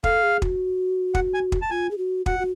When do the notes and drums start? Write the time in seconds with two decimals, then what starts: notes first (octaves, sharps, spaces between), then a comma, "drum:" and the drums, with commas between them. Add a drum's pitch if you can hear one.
0.04 A4 F5, drum: kick
0.23 G#4
0.42 F#4, drum: kick
1.15 F#5, drum: kick
1.34 G#5
1.52 drum: kick
1.62 A5
1.71 F4 G#5
1.91 G#4
1.98 F#4
2.26 F#4 F#5, drum: kick
2.39 F#4